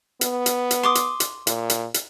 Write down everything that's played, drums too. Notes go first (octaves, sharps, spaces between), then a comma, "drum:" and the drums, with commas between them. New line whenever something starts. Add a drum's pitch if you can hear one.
B3, drum: hi-hat
drum: hi-hat
drum: hi-hat
C6 D6 D#6
drum: hi-hat
drum: hi-hat
A#2, drum: hi-hat
drum: hi-hat
drum: hi-hat